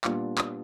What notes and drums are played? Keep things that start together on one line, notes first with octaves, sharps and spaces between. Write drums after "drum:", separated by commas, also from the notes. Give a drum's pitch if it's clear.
A#2 G3 B3 D4 F4, drum: clap
drum: clap